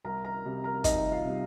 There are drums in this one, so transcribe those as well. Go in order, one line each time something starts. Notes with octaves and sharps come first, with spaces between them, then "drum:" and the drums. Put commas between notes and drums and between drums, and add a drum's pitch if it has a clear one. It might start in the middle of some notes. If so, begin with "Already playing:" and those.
C2 A#4 A#5
A#4 A#5
C3 G3
A#4 A#5
C2 D#4 D#5, drum: kick, hi-hat
F4 F5
C3 G3